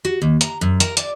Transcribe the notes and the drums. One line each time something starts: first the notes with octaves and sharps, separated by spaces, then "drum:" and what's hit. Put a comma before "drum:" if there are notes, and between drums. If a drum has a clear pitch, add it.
F#4
D#2
A#5, drum: hi-hat
F#2
A#4, drum: hi-hat
D5, drum: hi-hat